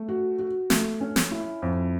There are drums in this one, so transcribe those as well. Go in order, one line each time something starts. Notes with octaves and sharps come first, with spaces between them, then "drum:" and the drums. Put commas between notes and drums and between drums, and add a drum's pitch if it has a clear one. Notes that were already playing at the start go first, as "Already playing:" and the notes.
Already playing: A3
F#4
F#4
A3, drum: snare
C#4
drum: snare
E4
F2